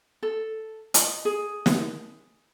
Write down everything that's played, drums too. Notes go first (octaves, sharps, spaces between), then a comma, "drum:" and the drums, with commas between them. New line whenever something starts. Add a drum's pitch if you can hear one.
A4
D#5, drum: hi-hat
G#4
drum: snare